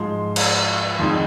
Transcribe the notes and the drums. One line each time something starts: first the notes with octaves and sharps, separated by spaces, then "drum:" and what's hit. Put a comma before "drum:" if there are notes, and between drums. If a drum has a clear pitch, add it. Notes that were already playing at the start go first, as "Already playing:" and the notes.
Already playing: G#2 F3 G#3 C6
drum: cymbal
F2 D#3 G#3 D#4 C6